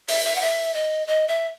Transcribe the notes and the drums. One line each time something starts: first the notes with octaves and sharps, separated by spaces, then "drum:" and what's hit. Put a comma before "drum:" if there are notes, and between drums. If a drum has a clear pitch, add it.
E5, drum: open hi-hat
E5
F#5
E5
D#5
D#5
E5